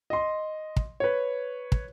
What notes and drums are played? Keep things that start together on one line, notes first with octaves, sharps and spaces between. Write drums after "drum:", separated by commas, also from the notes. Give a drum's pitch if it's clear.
D#5 C6
drum: kick
B4 C#5
drum: kick